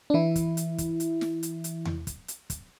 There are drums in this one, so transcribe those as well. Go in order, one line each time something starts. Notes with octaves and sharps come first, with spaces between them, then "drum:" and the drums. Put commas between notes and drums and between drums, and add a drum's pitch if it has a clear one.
D4
E3 E4
drum: kick, hi-hat
drum: hi-hat
drum: kick, hi-hat
drum: hi-hat
drum: snare
drum: hi-hat
drum: hi-hat
drum: tom E2
drum: kick, hi-hat
drum: hi-hat
drum: kick, hi-hat